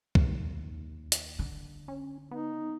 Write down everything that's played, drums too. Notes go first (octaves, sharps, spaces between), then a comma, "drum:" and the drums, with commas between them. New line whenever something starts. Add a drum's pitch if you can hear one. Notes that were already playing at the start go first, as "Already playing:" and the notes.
D#2, drum: kick
drum: hi-hat
D3
C#4
B3 D#4